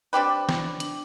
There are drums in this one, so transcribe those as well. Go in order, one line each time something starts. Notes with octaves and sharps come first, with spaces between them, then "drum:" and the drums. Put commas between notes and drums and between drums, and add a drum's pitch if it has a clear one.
G3 C4 D4 G4 B4
drum: snare
D4, drum: hi-hat